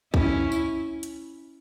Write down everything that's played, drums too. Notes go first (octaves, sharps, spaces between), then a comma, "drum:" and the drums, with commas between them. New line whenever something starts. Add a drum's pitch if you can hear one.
C#4 E4, drum: kick
drum: tambourine
drum: hi-hat